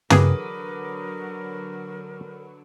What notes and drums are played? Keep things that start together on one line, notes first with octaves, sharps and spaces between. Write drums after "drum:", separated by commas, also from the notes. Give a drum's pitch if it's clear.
D3 E3 F#3 G#4 A#4 B4 D6 D#6, drum: tom